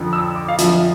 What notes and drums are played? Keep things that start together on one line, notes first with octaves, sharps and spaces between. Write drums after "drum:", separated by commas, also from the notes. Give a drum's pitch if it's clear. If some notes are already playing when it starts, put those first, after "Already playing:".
Already playing: F2 D3 F3
E6
D6
F5
F2 D3 F3 E5, drum: hi-hat